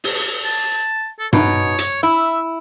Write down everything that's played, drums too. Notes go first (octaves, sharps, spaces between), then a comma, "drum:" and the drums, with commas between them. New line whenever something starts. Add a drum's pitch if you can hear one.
drum: open hi-hat
A5
A4
B2 D#4 C#5, drum: tom G2
drum: hi-hat
E4 E5